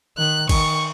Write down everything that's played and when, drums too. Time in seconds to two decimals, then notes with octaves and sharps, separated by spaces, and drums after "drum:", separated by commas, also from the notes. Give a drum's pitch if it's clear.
0.17 D#3 F#6
0.49 D#3 C#6, drum: kick A1, cymbal